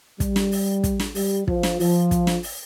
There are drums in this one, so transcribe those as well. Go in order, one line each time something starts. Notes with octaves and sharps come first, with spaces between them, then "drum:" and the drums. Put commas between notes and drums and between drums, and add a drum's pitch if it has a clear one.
G3, drum: kick, hi-hat
drum: snare
drum: open hi-hat
drum: kick, hi-hat
drum: snare
G3, drum: open hi-hat
F3, drum: kick
drum: snare
F3, drum: open hi-hat
drum: kick, hi-hat
drum: snare
drum: open hi-hat